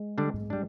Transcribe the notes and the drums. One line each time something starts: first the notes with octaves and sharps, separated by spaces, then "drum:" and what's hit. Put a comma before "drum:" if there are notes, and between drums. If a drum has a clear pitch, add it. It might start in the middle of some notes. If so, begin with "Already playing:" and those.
Already playing: G#3
D3 G3 D4
drum: tom G#2
G3 D4